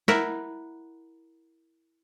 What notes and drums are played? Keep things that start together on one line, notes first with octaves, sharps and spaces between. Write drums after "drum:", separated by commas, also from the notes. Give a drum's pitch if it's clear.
E4 A#4 E5 F#5, drum: snare